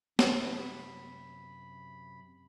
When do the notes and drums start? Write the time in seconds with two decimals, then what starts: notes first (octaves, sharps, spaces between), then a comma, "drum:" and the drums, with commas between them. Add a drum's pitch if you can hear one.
0.19 F#2 C3 B5, drum: snare